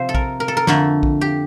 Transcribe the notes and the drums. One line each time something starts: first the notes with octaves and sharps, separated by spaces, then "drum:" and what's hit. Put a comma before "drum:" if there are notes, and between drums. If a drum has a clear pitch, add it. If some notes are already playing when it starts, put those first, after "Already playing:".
Already playing: C3 F3 C5 E5
A4
A#4, drum: kick
A#4
A4
A#4
F2 D3 A3 A4, drum: snare
drum: kick
G4